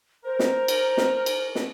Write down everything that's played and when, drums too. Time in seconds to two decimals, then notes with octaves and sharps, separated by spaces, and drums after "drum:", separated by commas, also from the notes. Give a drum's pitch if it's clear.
0.25 A#4 C5
0.39 drum: snare
0.68 drum: cymbal
0.97 drum: snare
1.26 drum: cymbal
1.55 drum: snare